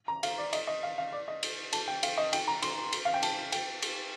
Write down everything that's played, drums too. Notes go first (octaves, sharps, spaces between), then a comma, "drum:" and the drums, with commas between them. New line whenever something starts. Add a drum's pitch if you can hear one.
A#5
F5, drum: cymbal
D5
D#5, drum: cymbal
D#5
F5
F5
D5
D#5
drum: cymbal
A5, drum: cymbal
G5
F5, drum: cymbal
D#5
G5, drum: cymbal
A#5
C6, drum: cymbal
drum: cymbal
F5
G5
A5, drum: cymbal
G5, drum: cymbal
drum: cymbal